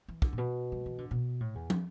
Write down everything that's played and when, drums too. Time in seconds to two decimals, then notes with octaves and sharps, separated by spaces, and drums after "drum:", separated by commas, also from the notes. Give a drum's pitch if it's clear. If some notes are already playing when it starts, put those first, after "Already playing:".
0.08 E3
0.22 D3, drum: kick
0.33 A2
0.38 B2
0.72 G3
0.86 E3
0.98 D3
1.11 B2
1.40 A2
1.55 E2
1.70 drum: tom